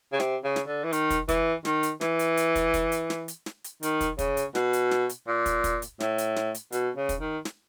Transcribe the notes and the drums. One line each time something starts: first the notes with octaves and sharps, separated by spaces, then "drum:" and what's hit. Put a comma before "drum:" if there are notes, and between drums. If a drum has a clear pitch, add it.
C#3
C3, drum: snare
C#3
drum: snare
D3
E3
D#3, drum: hi-hat
drum: kick, hi-hat
E3, drum: kick, hi-hat
D#3, drum: snare
drum: hi-hat
E3, drum: snare
drum: hi-hat
drum: hi-hat
drum: kick, hi-hat
drum: kick, hi-hat
drum: hi-hat
drum: snare
drum: hi-hat
drum: snare
drum: hi-hat
D#3, drum: hi-hat
drum: kick, hi-hat
C#3, drum: kick, hi-hat
drum: hi-hat
B2, drum: snare
drum: hi-hat
drum: snare
drum: hi-hat
A#2
drum: kick, hi-hat
drum: kick, hi-hat
drum: hi-hat
A2, drum: snare
drum: hi-hat
drum: snare
drum: hi-hat
B2, drum: hi-hat
C#3
drum: kick, hi-hat
D#3
drum: snare